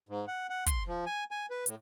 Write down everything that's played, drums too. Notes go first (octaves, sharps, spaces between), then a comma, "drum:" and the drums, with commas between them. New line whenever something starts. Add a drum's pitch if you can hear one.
G#2
F#5
F#5
C6, drum: kick, hi-hat
F3
G#5
G#5
B4
A2, drum: hi-hat